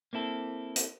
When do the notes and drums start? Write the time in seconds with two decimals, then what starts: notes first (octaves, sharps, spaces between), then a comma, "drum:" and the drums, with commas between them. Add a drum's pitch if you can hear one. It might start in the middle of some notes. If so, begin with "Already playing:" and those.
0.13 A#3 C4 E4 A4
0.76 drum: hi-hat